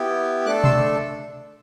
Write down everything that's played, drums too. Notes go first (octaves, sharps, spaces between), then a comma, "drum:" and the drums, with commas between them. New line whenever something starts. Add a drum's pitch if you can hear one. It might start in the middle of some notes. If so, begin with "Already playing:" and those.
Already playing: B3 E4 G4
A3 D4 A4 D6 F#6
C6 E6, drum: tom B2